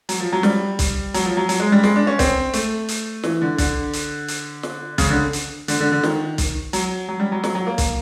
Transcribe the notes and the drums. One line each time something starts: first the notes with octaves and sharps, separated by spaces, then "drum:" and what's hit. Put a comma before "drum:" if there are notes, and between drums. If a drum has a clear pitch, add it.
F#3, drum: hi-hat
F3
F#3
G3, drum: snare
drum: kick B1, hi-hat
F#3, drum: hi-hat
F3
F#3
F#3, drum: hi-hat
G#3
G3
G#3, drum: snare
D4
C#4
C4, drum: kick B1, hi-hat
A3, drum: hi-hat
drum: hi-hat
E3, drum: snare
D3
D3, drum: kick B1, hi-hat
drum: hi-hat
drum: hi-hat
drum: snare
C#3, drum: kick B1, hi-hat
D3
drum: hi-hat
D3, drum: hi-hat
D3
D3
D#3, drum: snare
drum: kick B1, hi-hat
F#3, drum: hi-hat
F#3
G3
F#3
F#3, drum: snare
F#3
A#3
drum: kick B1, hi-hat